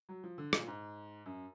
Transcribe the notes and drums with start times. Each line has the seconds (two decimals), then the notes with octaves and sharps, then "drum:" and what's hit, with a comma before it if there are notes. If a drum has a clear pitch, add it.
0.09 F#3
0.24 F3
0.38 D3
0.53 A#2, drum: rim click
0.67 G#2
1.26 F#2